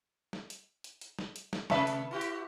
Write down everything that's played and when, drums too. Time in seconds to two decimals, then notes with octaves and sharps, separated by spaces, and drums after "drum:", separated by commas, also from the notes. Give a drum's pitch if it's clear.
0.33 drum: snare
0.50 drum: hi-hat
0.84 drum: hi-hat
1.01 drum: hi-hat
1.19 drum: snare
1.36 drum: hi-hat
1.53 drum: snare
1.70 C3 A3 B4 E5 A5 C#6, drum: snare
1.87 drum: hi-hat
2.11 E4 F#4 G4
2.21 drum: hi-hat